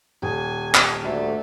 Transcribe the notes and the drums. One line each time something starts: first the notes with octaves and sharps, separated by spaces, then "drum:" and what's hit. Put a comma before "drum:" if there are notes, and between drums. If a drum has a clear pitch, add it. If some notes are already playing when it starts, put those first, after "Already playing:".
D#1 G#5
drum: clap
D2 A3